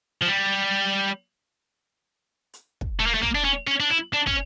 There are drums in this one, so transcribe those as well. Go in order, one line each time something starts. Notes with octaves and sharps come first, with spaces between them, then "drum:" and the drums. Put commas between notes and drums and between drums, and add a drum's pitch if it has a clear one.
F3
G3
drum: hi-hat
drum: kick
A3
A#3
A3
A#3, drum: kick
D4
C#4
C#4
D4
E4
D4
C#4, drum: kick